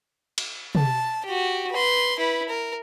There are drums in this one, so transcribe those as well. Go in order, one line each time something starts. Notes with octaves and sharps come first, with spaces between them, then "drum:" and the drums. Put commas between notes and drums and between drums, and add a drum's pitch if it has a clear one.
drum: cymbal
A5, drum: tom
F#4 G4
B4 C6
E4 B4
A#4